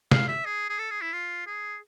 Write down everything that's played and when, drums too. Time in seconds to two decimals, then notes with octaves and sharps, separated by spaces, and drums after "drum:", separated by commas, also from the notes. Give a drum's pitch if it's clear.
0.11 F5, drum: snare
0.28 E5
0.46 G#4
0.69 G#4
0.79 A4
0.90 G#4
1.02 E4
1.13 F4
1.47 G#4